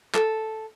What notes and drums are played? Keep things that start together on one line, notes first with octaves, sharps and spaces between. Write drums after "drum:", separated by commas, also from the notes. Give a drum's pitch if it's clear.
A4, drum: clap